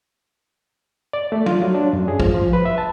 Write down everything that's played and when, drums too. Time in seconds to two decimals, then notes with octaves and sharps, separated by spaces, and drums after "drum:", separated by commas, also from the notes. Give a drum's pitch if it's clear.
1.13 D5
1.32 A3
1.46 F4, drum: tom
1.62 F#3
1.75 D4
1.93 F#2
2.08 G#4
2.20 F3, drum: kick
2.34 F3
2.53 B4
2.66 E5
2.78 A5